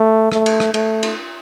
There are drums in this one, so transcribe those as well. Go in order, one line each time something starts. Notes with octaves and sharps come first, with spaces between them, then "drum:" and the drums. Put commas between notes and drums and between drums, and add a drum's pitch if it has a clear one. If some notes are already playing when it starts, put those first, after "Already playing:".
Already playing: A3
A3, drum: rim click
drum: cymbal
drum: rim click
A3, drum: cymbal
drum: cymbal